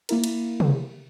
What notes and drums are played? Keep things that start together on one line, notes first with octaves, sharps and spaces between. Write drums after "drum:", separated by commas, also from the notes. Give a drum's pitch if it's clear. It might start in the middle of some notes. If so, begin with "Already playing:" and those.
A#3 E4 A#4, drum: cymbal
drum: cymbal
drum: tom C3